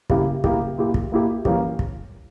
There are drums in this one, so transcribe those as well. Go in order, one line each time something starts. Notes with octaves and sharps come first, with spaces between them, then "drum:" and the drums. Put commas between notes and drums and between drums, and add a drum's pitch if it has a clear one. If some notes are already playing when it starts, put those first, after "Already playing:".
C#3 G3 A#3 E4 G4, drum: kick
C#3 G3 A#3 E4 G4, drum: kick
A#2 A#3 E4 G4
drum: kick
A#2 A#3 E4 G4
E3 G3 A#3 C#4 G4, drum: kick
drum: kick